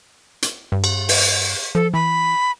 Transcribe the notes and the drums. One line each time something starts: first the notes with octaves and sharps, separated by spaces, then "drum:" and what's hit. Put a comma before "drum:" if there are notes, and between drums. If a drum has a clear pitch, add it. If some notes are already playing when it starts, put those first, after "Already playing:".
drum: hi-hat
G2
drum: cymbal
drum: open hi-hat
F3 A4
E3 B5